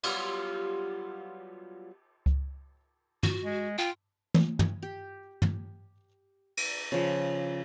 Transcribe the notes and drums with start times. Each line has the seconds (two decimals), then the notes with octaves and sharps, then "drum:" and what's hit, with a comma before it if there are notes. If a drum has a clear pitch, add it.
0.04 F#3 G3 B3 F4, drum: cymbal
2.26 drum: kick C#2
3.23 F#4, drum: tom
3.44 G#3
3.78 F4 G5
4.34 drum: tom
4.59 drum: tom
4.83 G4
5.42 drum: tom
6.57 drum: cymbal
6.92 C#3 F3